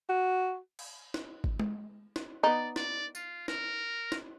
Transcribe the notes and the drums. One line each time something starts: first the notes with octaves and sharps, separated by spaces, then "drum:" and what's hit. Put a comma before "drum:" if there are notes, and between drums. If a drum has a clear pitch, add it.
F#4
drum: cymbal
drum: snare
drum: kick
drum: tom G#3
drum: snare
B3 D#4 D5
D5, drum: snare
F4, drum: tambourine
A#4, drum: snare
drum: snare